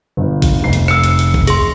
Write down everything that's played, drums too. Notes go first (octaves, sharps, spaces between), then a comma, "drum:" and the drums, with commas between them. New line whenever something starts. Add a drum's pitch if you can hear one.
G1
drum: kick A#1, hi-hat
F1 C7
drum: hi-hat
E6 C#7, drum: rim click
drum: hi-hat
drum: hi-hat
drum: kick A#1
G#4 C6, drum: hi-hat